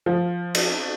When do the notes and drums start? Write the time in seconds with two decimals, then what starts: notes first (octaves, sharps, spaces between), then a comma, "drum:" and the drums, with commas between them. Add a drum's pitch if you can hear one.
0.06 F3
0.55 drum: cymbal